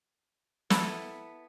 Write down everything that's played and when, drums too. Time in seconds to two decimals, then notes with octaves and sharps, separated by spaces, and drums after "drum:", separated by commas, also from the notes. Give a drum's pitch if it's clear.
0.70 B3 E4 A4, drum: snare